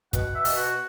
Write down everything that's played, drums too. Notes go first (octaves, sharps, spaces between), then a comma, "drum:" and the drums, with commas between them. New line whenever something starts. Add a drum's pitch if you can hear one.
B2 F#5, drum: kick, hi-hat
E5
B2, drum: open hi-hat
F#4